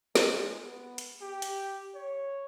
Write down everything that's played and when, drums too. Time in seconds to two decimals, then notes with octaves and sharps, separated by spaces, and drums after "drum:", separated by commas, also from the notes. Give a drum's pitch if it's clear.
0.15 G#3, drum: snare
0.65 B3
0.98 drum: hi-hat
1.21 G4
1.42 drum: hi-hat
1.95 C#5